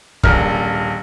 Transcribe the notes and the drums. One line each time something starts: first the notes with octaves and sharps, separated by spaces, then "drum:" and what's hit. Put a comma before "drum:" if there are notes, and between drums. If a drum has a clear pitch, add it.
D#1 A#1 A#4 F6, drum: kick